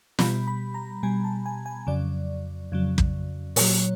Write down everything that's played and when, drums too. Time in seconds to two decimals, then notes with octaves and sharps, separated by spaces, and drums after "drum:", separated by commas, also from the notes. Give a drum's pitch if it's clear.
0.19 B2 G3 B5, drum: snare
0.47 B5
0.74 A#5
1.03 B2 G3 G#5
1.24 A5
1.46 G#5
1.66 G#5
1.87 F2 C#3 F#3 D5
2.72 F2 C#3 F#3
2.98 drum: kick
3.56 A#2 F#3 C#5, drum: open hi-hat